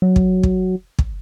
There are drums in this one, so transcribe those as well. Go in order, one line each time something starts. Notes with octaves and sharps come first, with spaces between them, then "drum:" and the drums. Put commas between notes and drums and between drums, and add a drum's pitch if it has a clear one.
F#3
drum: kick
drum: kick
drum: kick